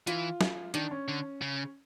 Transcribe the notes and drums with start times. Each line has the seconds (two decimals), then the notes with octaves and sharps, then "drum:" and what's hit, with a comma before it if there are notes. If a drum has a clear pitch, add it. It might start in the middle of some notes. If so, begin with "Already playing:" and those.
0.07 E3 F4, drum: hi-hat
0.41 drum: snare
0.74 D#3 D4, drum: hi-hat
0.91 C#4
1.08 D3
1.42 C#3